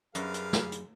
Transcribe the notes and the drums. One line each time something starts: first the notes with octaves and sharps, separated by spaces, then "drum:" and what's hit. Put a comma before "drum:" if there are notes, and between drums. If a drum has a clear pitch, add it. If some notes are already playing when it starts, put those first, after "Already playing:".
F#2 G3 G#4 A#4 B4 F5, drum: hi-hat
drum: hi-hat
drum: snare
drum: hi-hat